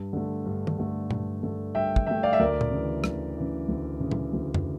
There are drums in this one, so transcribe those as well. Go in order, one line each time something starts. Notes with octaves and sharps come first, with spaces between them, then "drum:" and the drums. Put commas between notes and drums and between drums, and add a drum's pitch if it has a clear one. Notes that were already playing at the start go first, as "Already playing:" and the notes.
Already playing: G2
D3 A3
G2
drum: tom D#3
D3 A3
G2, drum: tom A#2
D3 A3
G2 E5 G5
drum: kick
D3 A3 E5 G5
D5 F5
E5
D2 A#4 D5
drum: tom
C#3 E3
D2, drum: rim click
C#3 E3
D2
C#3 E3
drum: tom A#2
D2
drum: tom F2